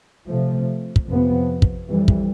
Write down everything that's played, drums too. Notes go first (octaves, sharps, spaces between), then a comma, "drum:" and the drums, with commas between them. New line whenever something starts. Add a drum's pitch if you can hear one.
C3 F3 A3
drum: kick
F2 C3 F3 B3
drum: kick
F2 E3 G3
drum: kick